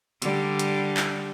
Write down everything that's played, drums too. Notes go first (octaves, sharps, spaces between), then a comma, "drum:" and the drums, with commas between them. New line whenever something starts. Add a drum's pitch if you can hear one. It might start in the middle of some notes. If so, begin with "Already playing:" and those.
D3 G3, drum: hi-hat
drum: hi-hat
drum: clap